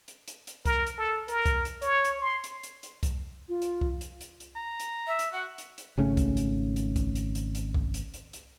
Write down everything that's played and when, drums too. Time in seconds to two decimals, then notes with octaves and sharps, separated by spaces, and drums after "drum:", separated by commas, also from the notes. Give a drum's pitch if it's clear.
0.08 drum: hi-hat
0.28 drum: hi-hat
0.47 drum: hi-hat
0.65 A#4, drum: kick C2, hi-hat
0.87 drum: hi-hat
0.98 A4
1.28 A#4, drum: hi-hat
1.46 drum: kick C2, hi-hat
1.65 drum: hi-hat
1.82 C#5, drum: hi-hat
2.04 drum: hi-hat
2.21 C6
2.44 drum: hi-hat
2.63 drum: hi-hat
2.83 drum: hi-hat
3.03 drum: kick C2, hi-hat
3.49 F4
3.62 drum: hi-hat
3.81 drum: kick C2
4.01 drum: hi-hat
4.21 drum: hi-hat
4.40 drum: hi-hat
4.56 A#5
4.80 drum: hi-hat
5.07 E5
5.19 drum: hi-hat
5.33 F#4 F#5
5.58 drum: hi-hat
5.78 drum: hi-hat
5.98 G#1 C#3 A3 C#4
6.17 drum: kick C2, hi-hat
6.37 drum: hi-hat
6.76 drum: hi-hat
6.96 drum: kick C2, hi-hat
7.15 drum: hi-hat
7.35 drum: hi-hat
7.55 drum: hi-hat
7.74 drum: kick C2
7.94 drum: hi-hat
8.14 drum: hi-hat
8.33 drum: hi-hat